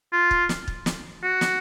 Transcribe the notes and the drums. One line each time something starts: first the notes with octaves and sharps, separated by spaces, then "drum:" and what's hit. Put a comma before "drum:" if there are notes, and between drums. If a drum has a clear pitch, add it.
F4
drum: kick
drum: snare
drum: kick
drum: snare
F#4
drum: snare